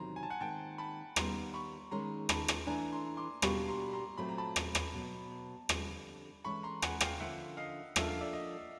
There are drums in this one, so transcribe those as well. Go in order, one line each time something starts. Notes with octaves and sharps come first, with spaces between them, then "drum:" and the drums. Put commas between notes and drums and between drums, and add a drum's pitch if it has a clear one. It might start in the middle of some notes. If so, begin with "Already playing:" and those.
Already playing: E2 C3 D#3 F#3 A#5 C6
G#5
A5
F#5 G#5
D#3 G#3 C4 G5 A5
A5 B5
D#2 D#3 G3 B3 A#5 C6, drum: rim click
B5 C#6
D#3 G#3 C#4 A#5 C6
A5 B5, drum: rim click
drum: rim click
E3 A3 D4 G#5 A#5
A#5 C6
C6 D6
B2 G3 A#3 D4 G4 B5 C#6, drum: rim click
A#5 C6
A#5 C6
A#2 F#3 A3 C4 B5
A#5
A5 B5
drum: rim click
drum: rim click
B2 F#3 B3
F2 D3 G3, drum: rim click
E3 G#3 C#4 E4 A4 B5 C#6
A#5 C6
F#5 G#5, drum: rim click
F5 G5, drum: rim click
D3 F3 A#3 C#4 F4 E5 F#5
D#5 F5
F3 A#3 D4 F4 A4 E5, drum: rim click
F5
D5 E5
D#5